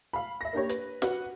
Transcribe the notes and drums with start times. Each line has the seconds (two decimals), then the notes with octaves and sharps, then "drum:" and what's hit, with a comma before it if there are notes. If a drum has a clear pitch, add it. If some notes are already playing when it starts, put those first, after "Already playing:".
0.13 F5 B5
0.41 E5 A#6
0.53 A#3 D4 G4 C#5
0.69 B4, drum: hi-hat
1.02 F#4 B4 F#5, drum: snare